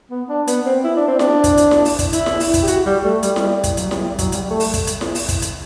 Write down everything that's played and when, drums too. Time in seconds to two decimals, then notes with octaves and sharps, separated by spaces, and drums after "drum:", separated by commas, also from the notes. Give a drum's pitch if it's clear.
0.11 B3
0.29 D4
0.48 B3, drum: hi-hat
0.66 C4
0.84 E4
0.97 D4
1.08 C4
1.19 D4, drum: snare E4
1.44 drum: kick, hi-hat
1.58 drum: hi-hat
1.71 drum: snare E4
1.85 drum: open hi-hat
1.99 drum: kick, hi-hat
2.13 E4, drum: hi-hat
2.26 drum: snare E4
2.40 drum: open hi-hat
2.54 drum: kick, hi-hat
2.63 G4
2.68 F#4, drum: hi-hat
2.86 G3
3.04 A3
3.23 G3, drum: hi-hat
3.36 drum: snare E4
3.64 drum: kick, hi-hat
3.77 F#3, drum: hi-hat
3.91 G3, drum: snare E4
4.05 G3
4.19 F#3, drum: kick, hi-hat
4.32 G3, drum: hi-hat
4.50 A3
4.60 drum: open hi-hat
4.74 drum: kick, hi-hat
4.87 drum: hi-hat
5.01 drum: snare E4
5.15 drum: open hi-hat
5.29 drum: kick, hi-hat
5.42 drum: hi-hat